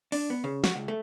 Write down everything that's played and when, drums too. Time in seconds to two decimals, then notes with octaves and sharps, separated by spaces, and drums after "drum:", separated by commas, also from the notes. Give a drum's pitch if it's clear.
0.12 D4, drum: open hi-hat
0.30 B3
0.44 C#3
0.64 F#4, drum: snare
0.76 C#2
0.88 A3